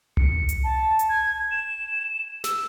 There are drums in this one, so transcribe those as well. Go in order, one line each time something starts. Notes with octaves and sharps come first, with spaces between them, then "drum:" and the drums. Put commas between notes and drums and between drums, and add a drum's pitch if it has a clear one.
C#7, drum: tom C2
drum: hi-hat
A5
drum: hi-hat
G#6
E7
E6, drum: snare